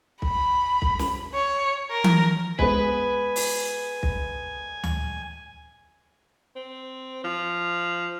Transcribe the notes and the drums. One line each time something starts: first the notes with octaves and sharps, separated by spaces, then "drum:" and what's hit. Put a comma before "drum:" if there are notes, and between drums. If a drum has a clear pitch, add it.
B5, drum: kick
drum: kick
drum: snare
C#5
A#4
drum: tom E3
G#3 B3 B4 G#5, drum: kick
drum: open hi-hat
drum: kick
drum: tom D2
C4
F3